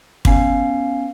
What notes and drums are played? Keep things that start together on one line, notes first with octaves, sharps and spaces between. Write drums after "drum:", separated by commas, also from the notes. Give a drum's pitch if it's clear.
B3 C#4 F5 G#5 C7, drum: kick